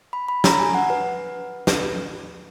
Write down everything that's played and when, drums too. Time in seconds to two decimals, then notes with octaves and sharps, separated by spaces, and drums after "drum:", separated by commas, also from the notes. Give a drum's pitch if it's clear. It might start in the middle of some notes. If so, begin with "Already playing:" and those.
0.13 B5
0.28 B5
0.44 A#5, drum: snare
0.60 G#5
0.74 F#5
0.90 B4
1.67 B4, drum: snare